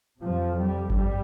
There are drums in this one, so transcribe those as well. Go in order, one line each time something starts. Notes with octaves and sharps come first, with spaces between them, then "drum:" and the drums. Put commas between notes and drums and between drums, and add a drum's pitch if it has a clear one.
F2 C3 F3
G3
G2 G3, drum: kick G1